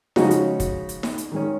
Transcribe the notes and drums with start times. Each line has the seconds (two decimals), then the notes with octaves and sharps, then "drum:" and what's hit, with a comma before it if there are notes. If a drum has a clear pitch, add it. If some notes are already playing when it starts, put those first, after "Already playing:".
0.16 C#3 F3 G#3 C#4 D#4 F#4, drum: snare D#4
0.31 drum: hi-hat
0.60 drum: kick, hi-hat
0.89 drum: hi-hat
1.03 drum: snare D#4
1.18 drum: hi-hat
1.32 D#3 G#3 C#4